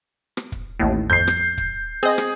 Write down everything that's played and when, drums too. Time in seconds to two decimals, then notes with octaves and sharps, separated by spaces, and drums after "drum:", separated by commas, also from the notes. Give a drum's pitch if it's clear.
0.37 drum: rim click
0.52 drum: kick
0.80 A1 D#2 A2
1.10 F2 G6 C7
1.27 drum: rim click
1.58 drum: kick
2.03 C4 G#4 D#5
2.18 drum: rim click